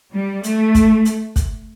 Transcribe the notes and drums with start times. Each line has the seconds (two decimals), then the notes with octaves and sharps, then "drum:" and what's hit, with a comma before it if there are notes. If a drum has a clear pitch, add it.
0.13 G3
0.43 A3, drum: hi-hat
0.75 drum: kick, hi-hat
1.05 drum: hi-hat
1.36 drum: kick, hi-hat